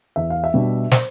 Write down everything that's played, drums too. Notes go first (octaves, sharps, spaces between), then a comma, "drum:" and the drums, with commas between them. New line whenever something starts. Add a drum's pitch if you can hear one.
E2 E5
F5
E5
B2 G3 D4
C5, drum: snare